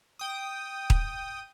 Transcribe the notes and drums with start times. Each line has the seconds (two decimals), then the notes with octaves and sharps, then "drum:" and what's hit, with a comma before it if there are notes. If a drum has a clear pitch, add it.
0.19 G5 D#6
0.90 drum: kick D#1